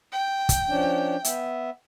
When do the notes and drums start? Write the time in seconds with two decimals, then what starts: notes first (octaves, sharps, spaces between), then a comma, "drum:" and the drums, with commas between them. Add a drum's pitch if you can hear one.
0.11 G5
0.49 drum: kick, hi-hat
0.69 F3 C#4 D4
1.24 B3 E5, drum: hi-hat